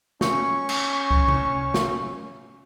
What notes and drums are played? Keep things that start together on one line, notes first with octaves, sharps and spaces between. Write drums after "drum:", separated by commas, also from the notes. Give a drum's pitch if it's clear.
C#4 C#6, drum: snare
drum: cymbal
drum: kick C2
drum: tom C3
drum: snare